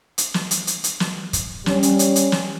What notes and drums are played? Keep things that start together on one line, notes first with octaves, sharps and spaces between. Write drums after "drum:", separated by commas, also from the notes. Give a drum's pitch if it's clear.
drum: hi-hat
drum: snare
drum: hi-hat
drum: hi-hat
drum: hi-hat
drum: snare
drum: kick, hi-hat
G3 C#4, drum: snare
drum: hi-hat
drum: hi-hat
drum: hi-hat
drum: snare